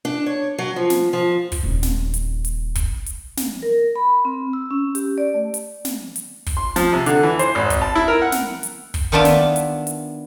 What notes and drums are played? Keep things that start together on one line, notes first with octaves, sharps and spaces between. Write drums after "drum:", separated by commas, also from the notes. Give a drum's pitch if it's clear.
D4
C#5
F#3
F3
drum: snare
F3
drum: kick, open hi-hat
D#1 C#3
drum: snare
drum: hi-hat
drum: hi-hat
drum: kick, hi-hat
drum: hi-hat
drum: snare
A#4
B5
C4
E6
C#4
G4, drum: hi-hat
D5
A3
drum: hi-hat
drum: snare
drum: hi-hat
drum: kick, open hi-hat
C6
F3, drum: snare
C3
D3, drum: hi-hat
E3
C5, drum: hi-hat
G#1
drum: kick, hi-hat
A5
E4
A#4
F#5
drum: snare
drum: hi-hat
drum: kick, open hi-hat
D#3 B3 D4 E4 F4
drum: snare
drum: hi-hat
drum: hi-hat